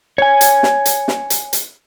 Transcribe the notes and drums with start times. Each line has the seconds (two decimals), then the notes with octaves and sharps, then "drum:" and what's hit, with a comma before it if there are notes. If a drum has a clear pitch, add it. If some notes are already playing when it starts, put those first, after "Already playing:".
0.18 C#5 G#5
0.41 drum: hi-hat
0.63 drum: snare
0.86 drum: hi-hat
1.08 drum: snare
1.30 drum: hi-hat
1.53 drum: hi-hat